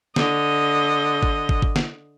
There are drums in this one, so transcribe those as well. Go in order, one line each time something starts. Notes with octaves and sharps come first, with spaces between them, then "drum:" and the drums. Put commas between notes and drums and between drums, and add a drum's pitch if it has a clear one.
D3 D#5, drum: snare
drum: kick
drum: kick
drum: kick
drum: snare